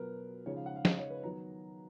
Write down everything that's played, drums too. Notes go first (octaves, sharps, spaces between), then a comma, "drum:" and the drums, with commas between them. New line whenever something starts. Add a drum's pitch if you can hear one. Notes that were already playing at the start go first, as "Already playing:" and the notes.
Already playing: B2 F#3 B3 A#4 B4
C#3 F3 G#3 D#4 C#5
F5
F#5
F5
D#5, drum: snare
C#5
B4
D#3 F#3 B3 A#5